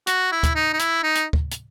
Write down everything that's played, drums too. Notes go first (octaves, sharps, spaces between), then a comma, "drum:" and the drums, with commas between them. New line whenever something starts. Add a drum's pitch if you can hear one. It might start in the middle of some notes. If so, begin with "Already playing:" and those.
F#4, drum: hi-hat
E4
drum: kick, hi-hat
D#4
D#4
E4, drum: hi-hat
D#4
drum: hi-hat
drum: kick
drum: hi-hat